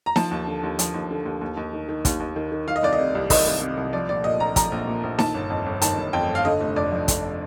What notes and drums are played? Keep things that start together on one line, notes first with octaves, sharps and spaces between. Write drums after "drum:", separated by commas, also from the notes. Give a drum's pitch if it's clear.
A#5
F3 A5, drum: snare D#4
D#2
D3
D#2
F3, drum: hi-hat
D#2
D3
D#2
D#2
D#2
D#3
D#3
D#2, drum: kick, hi-hat
D#2
D#3
D#3
D#3 F5
D#5
C2 D5
D#5
C3
C2
D#3 D#5, drum: kick, open hi-hat
C2
C3
C2
F3 D5
A#1 D5
A#2 D#5
A#1 A#5
F3 A#5, drum: kick, hi-hat
A#1
A#2
A#1
D#3 A5, drum: snare D#4
G1
F2
G1
D#3 A5, drum: hi-hat
G1
F2 G5
G1
F5
D3 D#5
F1
F2 D5
F3
D3, drum: kick, hi-hat